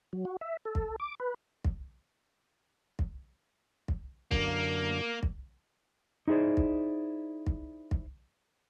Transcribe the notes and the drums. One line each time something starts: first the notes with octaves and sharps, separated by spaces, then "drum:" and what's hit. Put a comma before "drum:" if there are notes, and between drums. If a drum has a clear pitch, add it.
F#3
F#4
E5
A4
drum: kick
D6
B4
drum: kick
drum: kick
drum: kick
F#2 D3 A#3, drum: kick
drum: kick
D#4 E4 G#4 C5 D5
drum: kick
drum: kick
drum: kick